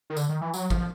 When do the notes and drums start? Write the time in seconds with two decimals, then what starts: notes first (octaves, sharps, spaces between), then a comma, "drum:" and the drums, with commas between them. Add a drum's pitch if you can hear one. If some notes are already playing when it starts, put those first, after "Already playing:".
0.10 D#3
0.17 D3, drum: tambourine
0.29 D#3
0.41 E3
0.54 F#3, drum: tambourine
0.70 F3, drum: kick